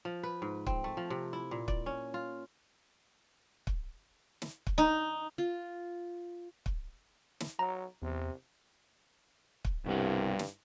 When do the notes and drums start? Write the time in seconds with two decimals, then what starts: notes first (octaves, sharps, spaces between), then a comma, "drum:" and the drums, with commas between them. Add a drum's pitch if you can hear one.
0.05 F3
0.23 B4
0.42 G#2
0.66 C4, drum: kick
0.84 A3
0.97 F3
1.10 C3
1.33 E4
1.51 A#2
1.68 D5, drum: kick
1.86 C#4
2.14 F4
3.67 drum: kick
4.42 drum: snare
4.67 drum: kick
4.78 D#4
5.38 F4
6.66 drum: kick
7.40 drum: snare
7.59 F#3 A#5
8.02 E2 C3
9.65 drum: kick
9.86 C2 G2 B2 G3 F#5
10.39 drum: snare